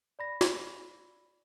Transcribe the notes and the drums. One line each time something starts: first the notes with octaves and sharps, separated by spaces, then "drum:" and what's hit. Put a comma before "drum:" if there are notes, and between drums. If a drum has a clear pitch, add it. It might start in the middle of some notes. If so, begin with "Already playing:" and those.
D5 B5 A#6
drum: snare